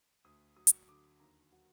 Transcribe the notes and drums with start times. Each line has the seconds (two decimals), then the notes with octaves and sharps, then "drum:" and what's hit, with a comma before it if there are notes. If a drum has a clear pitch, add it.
0.25 D2 D#6
0.57 F#3 D#6
0.67 drum: hi-hat
0.88 D3 D6
1.20 D#2 A#5
1.52 F#3 F#5